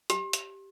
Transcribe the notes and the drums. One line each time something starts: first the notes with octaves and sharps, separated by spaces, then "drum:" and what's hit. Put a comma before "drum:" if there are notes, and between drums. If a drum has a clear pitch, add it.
G4, drum: hi-hat
drum: hi-hat